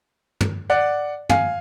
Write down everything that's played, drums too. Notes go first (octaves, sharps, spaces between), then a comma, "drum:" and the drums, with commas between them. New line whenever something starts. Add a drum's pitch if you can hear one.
drum: tom
D5 F#5
F5 G#5, drum: tom